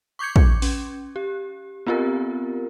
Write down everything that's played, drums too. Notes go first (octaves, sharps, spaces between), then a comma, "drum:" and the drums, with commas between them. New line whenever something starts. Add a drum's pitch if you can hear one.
C#6 D6 G6 G#6 C#7
drum: kick
C#4, drum: open hi-hat
G4
B3 C4 F4 G4 A#4